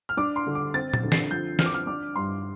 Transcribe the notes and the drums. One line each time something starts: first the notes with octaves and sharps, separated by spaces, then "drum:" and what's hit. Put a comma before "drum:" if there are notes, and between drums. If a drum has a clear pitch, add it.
F6
D4 D6
C6
D3
D6
C4 A6
A6, drum: tom A#2
D3
C7, drum: snare
F3 G6
C4 F6, drum: snare
D6
F6
D4 D6
G2 C6